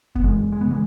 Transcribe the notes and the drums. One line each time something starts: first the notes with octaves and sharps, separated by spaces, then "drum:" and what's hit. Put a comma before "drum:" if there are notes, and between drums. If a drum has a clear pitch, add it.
B3, drum: kick
F#2 E3 G#3
G#3
B3
C#3 E3 G#3